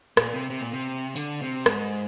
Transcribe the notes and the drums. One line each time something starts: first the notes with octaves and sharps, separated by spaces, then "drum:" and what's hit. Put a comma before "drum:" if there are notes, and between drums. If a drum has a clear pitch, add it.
A#2, drum: rim click
C3
C3
A#2
C3
D3, drum: open hi-hat
C3
G#2, drum: rim click